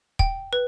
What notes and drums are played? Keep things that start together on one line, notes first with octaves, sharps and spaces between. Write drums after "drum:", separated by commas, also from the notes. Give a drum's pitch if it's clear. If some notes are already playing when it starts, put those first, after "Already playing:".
G5, drum: kick
B4